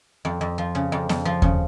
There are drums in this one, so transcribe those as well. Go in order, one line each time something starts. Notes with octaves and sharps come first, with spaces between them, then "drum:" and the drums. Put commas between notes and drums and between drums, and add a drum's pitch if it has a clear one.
F2
F2
F3
C#3
F2
F2, drum: snare B3
F3
C#3, drum: kick D#2